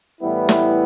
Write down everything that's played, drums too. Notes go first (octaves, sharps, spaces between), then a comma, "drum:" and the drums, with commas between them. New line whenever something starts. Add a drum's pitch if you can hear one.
A2 E3 G3 B3 E4
drum: snare